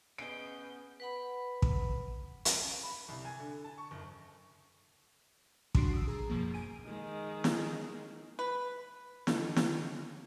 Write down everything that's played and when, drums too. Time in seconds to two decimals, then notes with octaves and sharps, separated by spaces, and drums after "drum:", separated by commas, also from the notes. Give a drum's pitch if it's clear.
0.18 B3 C#4 G#4 D#5 G6 D7
1.00 B4 F#5 B5
1.62 drum: kick
2.45 drum: hi-hat
2.83 B5
3.08 C2
3.25 G#5
3.40 D3
3.64 A5
3.78 C#6
3.91 F#1
5.75 G3 D4 F#4 C6 C7 D7, drum: kick
5.93 D#6 E6
6.07 G#4 A5 A#5
6.30 F#2 B2 F3 A#3
6.54 G#5 D7 D#7
6.86 D#3 G#3
7.44 drum: snare
8.39 B4
9.27 D3 D#3 F3 B3, drum: snare
9.56 drum: snare